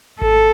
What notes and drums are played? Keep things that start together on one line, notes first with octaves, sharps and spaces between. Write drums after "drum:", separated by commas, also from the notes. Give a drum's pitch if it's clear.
A4, drum: kick G#1